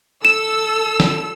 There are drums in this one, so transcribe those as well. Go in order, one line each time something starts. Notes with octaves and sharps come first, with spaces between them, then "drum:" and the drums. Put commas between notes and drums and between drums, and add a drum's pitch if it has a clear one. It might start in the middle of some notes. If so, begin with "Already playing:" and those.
A4 E6 E7
drum: snare